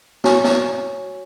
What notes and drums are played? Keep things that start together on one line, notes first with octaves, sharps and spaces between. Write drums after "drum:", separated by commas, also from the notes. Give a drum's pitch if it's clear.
F#4 C#5 G#5 C#6, drum: snare
drum: snare